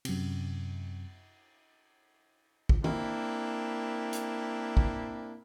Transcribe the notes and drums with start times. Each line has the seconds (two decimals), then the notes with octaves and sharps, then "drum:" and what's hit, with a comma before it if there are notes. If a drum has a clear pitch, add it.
0.05 F#2 C3, drum: cymbal
2.69 drum: kick
2.84 A#3 C4 D4 E4, drum: tom D#3
4.13 drum: hi-hat
4.77 drum: kick